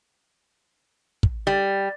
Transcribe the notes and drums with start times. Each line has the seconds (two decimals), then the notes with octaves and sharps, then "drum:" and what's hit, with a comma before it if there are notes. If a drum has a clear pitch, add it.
1.23 drum: kick
1.47 G3